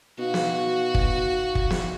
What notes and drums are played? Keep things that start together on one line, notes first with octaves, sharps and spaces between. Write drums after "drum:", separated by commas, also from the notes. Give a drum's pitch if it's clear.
B2 D#4 F#4 F5
drum: snare
drum: kick
drum: kick
drum: snare